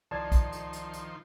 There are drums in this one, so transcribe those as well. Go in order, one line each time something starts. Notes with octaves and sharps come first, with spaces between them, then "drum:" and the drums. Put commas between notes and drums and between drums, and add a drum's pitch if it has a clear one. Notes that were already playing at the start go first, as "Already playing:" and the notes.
C2 D#3 F3 D5 A5 C6 G#6
drum: kick, hi-hat
drum: hi-hat
drum: hi-hat
drum: hi-hat